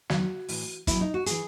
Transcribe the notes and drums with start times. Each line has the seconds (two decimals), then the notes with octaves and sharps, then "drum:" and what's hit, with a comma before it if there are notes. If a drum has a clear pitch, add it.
0.10 E2 D#3 F#3 F#4, drum: snare
0.49 A2 E3, drum: open hi-hat
0.87 E2 B2 F#3 E4, drum: kick, hi-hat
1.01 D#4
1.14 F#4
1.26 E3 G#4, drum: hi-hat